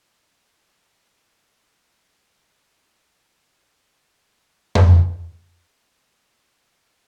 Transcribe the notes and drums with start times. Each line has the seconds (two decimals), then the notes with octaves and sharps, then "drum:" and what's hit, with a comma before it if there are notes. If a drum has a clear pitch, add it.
1.51 D2 G#2 A3 B3 C4 E4 G#4 D6
1.94 C#5
3.26 D6
3.66 A#4 F5
4.75 drum: tom F2
6.46 F#4 B4 G5
6.63 F4 G4 C5
6.75 C#2 A#3 E4 F#4 G#5
6.90 F#2 A5 B5